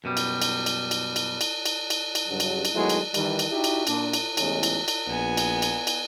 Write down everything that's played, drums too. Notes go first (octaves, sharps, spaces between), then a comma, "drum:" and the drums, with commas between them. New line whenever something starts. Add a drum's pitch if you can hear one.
F#2 B2 G3
drum: cymbal
drum: cymbal
drum: cymbal
drum: cymbal
drum: cymbal
drum: cymbal
drum: cymbal
drum: cymbal
drum: cymbal
G2 C#3 F#3
drum: cymbal
drum: cymbal
D#3 F#3 G#3 A3 B3 E4
drum: cymbal
D#3 E3 G3, drum: cymbal
drum: cymbal
D#4 E4 F#4 G4
drum: cymbal
A#2 D4, drum: cymbal
drum: cymbal
A1 E2 G#2 C#3 C#4 D#4, drum: cymbal
drum: cymbal
drum: cymbal
A#1 B3 G#5
drum: cymbal
drum: cymbal
drum: cymbal